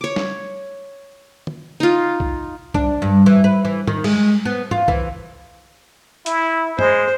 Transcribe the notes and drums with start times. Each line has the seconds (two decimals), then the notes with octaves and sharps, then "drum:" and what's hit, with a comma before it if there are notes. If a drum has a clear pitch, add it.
0.01 C#5 D6
0.16 drum: snare
1.47 drum: tom
1.80 D#4 F4
2.20 drum: kick C2
2.74 D4, drum: kick C2
3.02 G2
3.26 E3
3.44 B4
3.65 E3
3.87 D#3, drum: tom
4.04 G#3, drum: cymbal
4.45 B3
4.71 F4, drum: tom
4.88 E3, drum: kick C2
6.26 E4, drum: hi-hat
6.79 G#3 C5, drum: tom